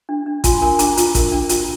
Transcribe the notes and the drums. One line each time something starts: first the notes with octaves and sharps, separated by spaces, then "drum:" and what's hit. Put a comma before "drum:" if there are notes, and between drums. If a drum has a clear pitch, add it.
D4
D4
F4 G#5 C6, drum: kick G#1, hi-hat
A#4 G#5 C6
D4 A#5 D6, drum: hi-hat
F4, drum: hi-hat
A#4, drum: kick G#1, hi-hat
D4
F4, drum: hi-hat